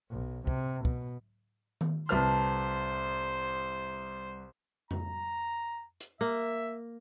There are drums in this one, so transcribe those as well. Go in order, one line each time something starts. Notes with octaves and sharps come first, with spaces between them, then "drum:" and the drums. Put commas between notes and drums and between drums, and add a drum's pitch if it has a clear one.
B1
C3, drum: kick
B2, drum: kick
drum: tom D#3
C2 A2 D3 A3 B4 C5 F6
A#5, drum: tom F2
drum: hi-hat
A#3 E5